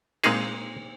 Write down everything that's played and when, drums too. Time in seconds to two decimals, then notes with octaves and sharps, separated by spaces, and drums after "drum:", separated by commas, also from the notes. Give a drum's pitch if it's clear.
0.24 A#2 G#3 A#3 C4 D#4 G#4, drum: cymbal